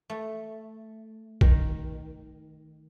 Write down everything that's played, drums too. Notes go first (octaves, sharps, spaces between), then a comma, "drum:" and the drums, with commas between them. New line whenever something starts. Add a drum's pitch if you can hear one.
A3
D#3, drum: kick A#1